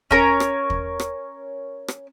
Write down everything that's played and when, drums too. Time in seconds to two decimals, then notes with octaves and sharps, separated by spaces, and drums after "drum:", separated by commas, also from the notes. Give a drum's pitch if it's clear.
0.11 C#4 A#4 C#5, drum: kick
0.40 drum: rim click
0.70 drum: kick
1.00 drum: rim click
1.88 drum: rim click